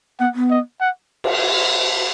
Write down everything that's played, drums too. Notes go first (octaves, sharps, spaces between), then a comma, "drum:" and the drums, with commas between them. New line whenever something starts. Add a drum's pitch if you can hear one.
B3 F#5
B3
D#5
F#5
drum: cymbal